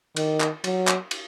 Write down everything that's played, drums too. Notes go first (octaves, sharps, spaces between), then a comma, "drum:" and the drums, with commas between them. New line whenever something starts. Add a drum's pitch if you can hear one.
D#3, drum: cymbal
drum: clap
F#3, drum: cymbal
drum: clap
drum: cymbal